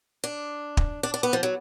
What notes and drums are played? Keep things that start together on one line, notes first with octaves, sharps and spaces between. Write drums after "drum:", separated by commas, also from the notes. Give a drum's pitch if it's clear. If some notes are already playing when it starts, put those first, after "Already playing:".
D4
drum: kick
D4
D4
B3
F3
F#3